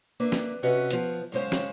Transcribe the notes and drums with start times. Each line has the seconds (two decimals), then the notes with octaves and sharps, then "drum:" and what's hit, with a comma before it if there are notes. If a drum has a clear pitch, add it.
0.20 A#3 D4 B4 E5
0.32 drum: snare
0.63 C3 C#4 F#4 B4 D#5 E5
0.91 F3 B3, drum: hi-hat
1.32 F#2 C#3 G#3 C#4 C5 F5
1.52 drum: snare